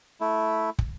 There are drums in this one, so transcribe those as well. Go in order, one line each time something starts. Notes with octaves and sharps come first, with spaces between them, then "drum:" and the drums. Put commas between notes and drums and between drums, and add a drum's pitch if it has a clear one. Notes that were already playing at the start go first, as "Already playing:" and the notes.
A3 E4
drum: kick